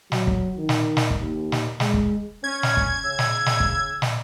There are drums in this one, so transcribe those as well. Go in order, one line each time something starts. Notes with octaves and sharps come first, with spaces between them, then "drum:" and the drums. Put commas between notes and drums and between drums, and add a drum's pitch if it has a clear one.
F#3, drum: snare
drum: kick
D#3
drum: snare
drum: snare
drum: kick
D#2
drum: snare
G#3, drum: snare
drum: kick
C#4 G#6
drum: snare
drum: kick
C#3 E6
drum: snare
drum: snare
drum: kick
drum: snare